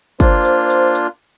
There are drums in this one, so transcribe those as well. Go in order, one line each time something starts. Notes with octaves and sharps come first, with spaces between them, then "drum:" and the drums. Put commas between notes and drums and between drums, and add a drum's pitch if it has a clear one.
A#3 D4 F4 C5, drum: kick, hi-hat
drum: hi-hat
drum: hi-hat
drum: hi-hat